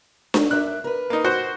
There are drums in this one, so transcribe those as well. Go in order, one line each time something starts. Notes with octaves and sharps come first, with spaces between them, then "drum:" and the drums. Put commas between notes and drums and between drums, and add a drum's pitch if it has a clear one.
drum: snare D4
D4 A#4 E5 F#6
A#4 B4
A#3 D#4
F#4 C5 F#5